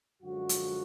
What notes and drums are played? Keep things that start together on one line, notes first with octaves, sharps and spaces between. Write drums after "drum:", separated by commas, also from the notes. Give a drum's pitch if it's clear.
F#2 D3 F3 G#3 F#4
drum: hi-hat